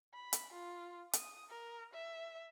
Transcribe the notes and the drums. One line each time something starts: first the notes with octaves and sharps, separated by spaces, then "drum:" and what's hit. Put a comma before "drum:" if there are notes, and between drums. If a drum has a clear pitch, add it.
B5
drum: hi-hat
F4
D#6, drum: hi-hat
A#4
E5